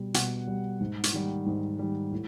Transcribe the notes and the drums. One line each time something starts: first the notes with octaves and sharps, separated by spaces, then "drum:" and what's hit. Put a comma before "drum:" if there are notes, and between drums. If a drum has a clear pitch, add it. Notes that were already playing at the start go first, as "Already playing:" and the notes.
Already playing: B2 G3
B2 F#5, drum: hi-hat
G3
G#2
drum: hi-hat
D#3 G3
G#2
D#3 G3
A2